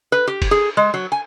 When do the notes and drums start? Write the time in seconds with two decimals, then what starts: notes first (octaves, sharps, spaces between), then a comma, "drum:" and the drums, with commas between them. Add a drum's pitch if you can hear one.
0.12 B4
0.27 G4
0.42 drum: kick, cymbal
0.51 G#4
0.77 G#3
0.94 F#3
1.12 G#5